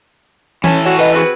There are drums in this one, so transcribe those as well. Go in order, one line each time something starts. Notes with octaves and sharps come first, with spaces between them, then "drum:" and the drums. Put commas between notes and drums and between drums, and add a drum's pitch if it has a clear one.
E3 C#4 A4, drum: tom E3
F#4 C#5
B4 D#5 F#5, drum: hi-hat
C4 F#4 G#4